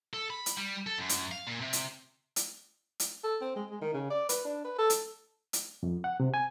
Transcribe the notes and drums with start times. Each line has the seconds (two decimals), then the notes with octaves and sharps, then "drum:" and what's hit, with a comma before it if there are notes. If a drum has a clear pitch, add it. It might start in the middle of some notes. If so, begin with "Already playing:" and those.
0.14 A4
0.30 B5
0.46 drum: hi-hat
0.57 G3
0.87 A4
0.98 F#2
1.09 drum: hi-hat
1.31 F5
1.47 A#2
1.61 C3
1.73 drum: hi-hat
2.36 drum: hi-hat
3.00 drum: hi-hat
3.24 A4
3.41 C4
3.56 G#3
3.70 G#3
3.82 D#3
3.94 C#3
4.10 D5
4.29 B4, drum: hi-hat
4.45 D4
4.65 B4
4.78 A4
4.90 drum: hi-hat
5.53 drum: hi-hat
5.83 F2
6.04 F#5
6.20 C3
6.34 G#5